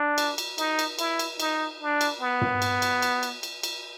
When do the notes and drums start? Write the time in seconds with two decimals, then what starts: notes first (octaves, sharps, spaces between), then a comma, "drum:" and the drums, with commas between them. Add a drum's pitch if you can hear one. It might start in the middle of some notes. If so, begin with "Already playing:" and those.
Already playing: D4
0.18 drum: cymbal
0.38 drum: cymbal
0.58 D#4, drum: cymbal
0.79 drum: cymbal
0.99 E4, drum: cymbal
1.19 drum: cymbal
1.40 D#4, drum: cymbal
1.81 D4
2.01 drum: cymbal
2.21 B3
2.41 drum: tom
2.62 drum: cymbal
2.82 drum: cymbal
3.02 drum: cymbal
3.23 drum: cymbal
3.43 drum: cymbal
3.63 drum: cymbal